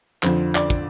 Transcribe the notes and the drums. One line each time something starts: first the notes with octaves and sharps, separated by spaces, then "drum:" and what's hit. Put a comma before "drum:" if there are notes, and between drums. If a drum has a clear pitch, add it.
F2 D3 F3 C5, drum: clap
D5, drum: clap
drum: kick